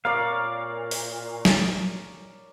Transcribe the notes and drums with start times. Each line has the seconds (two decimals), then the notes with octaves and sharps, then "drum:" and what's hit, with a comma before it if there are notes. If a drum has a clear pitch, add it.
0.05 A#2 A#4 C#5 D5 F5
0.91 drum: open hi-hat
1.45 drum: snare